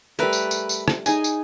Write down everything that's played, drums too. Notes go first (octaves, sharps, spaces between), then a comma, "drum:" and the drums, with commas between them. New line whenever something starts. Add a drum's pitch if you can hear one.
G3 A3 A#4 B4 E5
drum: tambourine
drum: tambourine
drum: tambourine
drum: rim click
D#4 G#4 D#5 G#5, drum: tambourine
drum: tambourine